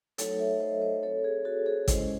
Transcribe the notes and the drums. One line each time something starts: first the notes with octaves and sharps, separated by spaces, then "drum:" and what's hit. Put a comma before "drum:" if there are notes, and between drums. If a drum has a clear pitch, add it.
F#3 A3 D#4 F#4 A4 C#5, drum: hi-hat
C#5 E5
C5 D#5
C5 D#5
C4 F#4 A4 C#5
G#4
F#4 A4
G#4 C5
G#3 C#4 E4 C5 D#5, drum: kick, hi-hat